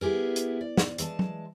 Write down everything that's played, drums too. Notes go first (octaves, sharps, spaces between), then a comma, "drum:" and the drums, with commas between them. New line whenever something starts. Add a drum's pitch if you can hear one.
B3 E4 G4 G#4 A#4
drum: hi-hat
D5
drum: snare
E3 G#3 E5 A5, drum: hi-hat
drum: tom